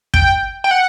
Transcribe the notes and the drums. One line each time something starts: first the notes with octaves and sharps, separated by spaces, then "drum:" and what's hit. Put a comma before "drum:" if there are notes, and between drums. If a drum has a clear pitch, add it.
G5, drum: kick
G5
F#5